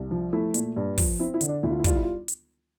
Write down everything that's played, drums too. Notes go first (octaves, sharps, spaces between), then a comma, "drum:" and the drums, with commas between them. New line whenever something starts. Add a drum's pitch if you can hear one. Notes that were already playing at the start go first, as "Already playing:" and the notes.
Already playing: C2
F3
A3 E4
A#2, drum: hi-hat
G2
F3, drum: kick, open hi-hat
C4 E4
E4
D3, drum: hi-hat
D4
D2 E4
F4
E4
G3 F4, drum: kick, hi-hat
E4
F4
drum: hi-hat